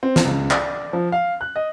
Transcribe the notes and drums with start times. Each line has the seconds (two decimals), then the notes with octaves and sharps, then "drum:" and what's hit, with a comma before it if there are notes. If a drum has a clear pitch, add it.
0.03 C4
0.16 drum: snare
0.25 C#2
0.51 D5, drum: clap
0.93 F3
1.12 F5
1.41 F#6
1.56 D#5